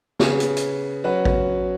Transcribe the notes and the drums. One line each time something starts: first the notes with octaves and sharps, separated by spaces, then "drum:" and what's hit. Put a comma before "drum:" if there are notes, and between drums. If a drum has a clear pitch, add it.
C#3 B3 G#4, drum: snare
drum: hi-hat
drum: hi-hat
F#3 C#4 F#4 B4
drum: kick A1